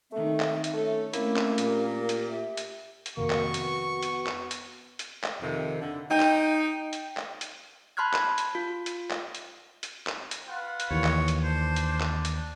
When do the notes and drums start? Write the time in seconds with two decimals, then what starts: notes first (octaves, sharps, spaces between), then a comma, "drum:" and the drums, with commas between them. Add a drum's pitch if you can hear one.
0.12 D#3 A3 C4 E5
0.40 drum: clap
0.64 drum: hi-hat
0.73 A3 C#4 A4 C#5
1.13 A3 A#3 C4 C#4 E4, drum: hi-hat
1.37 drum: clap
1.58 A#2 G4, drum: hi-hat
2.09 drum: hi-hat
2.29 E5
2.57 drum: hi-hat
3.06 drum: hi-hat
3.17 F2 C3 D#3 A#3 F#4 C#6
3.30 drum: clap
3.54 B3, drum: hi-hat
4.03 drum: hi-hat
4.27 drum: clap
4.51 drum: hi-hat
4.99 drum: hi-hat
5.23 drum: clap
5.42 F2 C3 D#3
5.81 D3
6.11 D#4 G5
6.20 drum: clap
6.93 drum: hi-hat
7.17 drum: clap
7.41 drum: hi-hat
7.97 A5 B5 C6 F6 F#6 G#6
8.14 drum: clap
8.38 drum: hi-hat
8.55 F4
8.86 drum: hi-hat
9.10 drum: clap
9.35 drum: hi-hat
9.83 drum: hi-hat
10.07 drum: clap
10.31 drum: hi-hat
10.48 F4 B4 F#5
10.80 drum: hi-hat
10.90 D#2 E3 C#5
11.04 drum: clap
11.28 drum: hi-hat
11.44 D4 C5
11.76 drum: hi-hat
12.01 drum: clap
12.25 drum: hi-hat